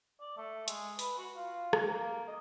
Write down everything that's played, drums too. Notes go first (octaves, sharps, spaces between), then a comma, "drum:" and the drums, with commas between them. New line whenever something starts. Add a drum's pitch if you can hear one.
D5
A3
G#3, drum: hi-hat
B4, drum: open hi-hat
F#4
F4
drum: rim click
A#3
D#5